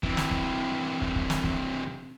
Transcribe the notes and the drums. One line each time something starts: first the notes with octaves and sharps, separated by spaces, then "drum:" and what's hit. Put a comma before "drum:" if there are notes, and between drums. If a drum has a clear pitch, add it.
C3 E3, drum: kick
drum: snare
drum: kick
drum: kick
drum: kick
drum: snare
drum: kick